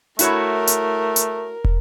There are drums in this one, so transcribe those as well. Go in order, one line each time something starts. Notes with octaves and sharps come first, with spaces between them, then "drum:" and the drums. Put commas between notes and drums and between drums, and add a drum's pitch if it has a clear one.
A3 E4 F#4 A#4 C#5, drum: hi-hat
drum: hi-hat
drum: hi-hat
drum: kick